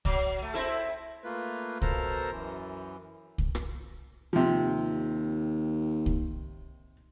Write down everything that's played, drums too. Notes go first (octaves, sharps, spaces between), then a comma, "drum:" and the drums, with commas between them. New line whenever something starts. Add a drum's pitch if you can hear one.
F#3, drum: kick C2
A3
C4 E4 A4
A3 A#3 F4 B4
B2 A4 A#4 C5 A#5, drum: kick C2
F#2 E3
drum: kick C2
drum: rim click
D#2 C3 F3
drum: kick C2